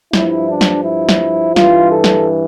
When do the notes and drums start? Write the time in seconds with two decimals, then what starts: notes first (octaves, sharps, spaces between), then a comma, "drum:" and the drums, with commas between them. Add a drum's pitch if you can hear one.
0.13 G2 F3 E4, drum: snare
0.49 D4
0.61 drum: snare
0.85 E4
1.09 drum: snare
1.56 G2 E3 F4, drum: snare
1.92 A4
2.04 drum: snare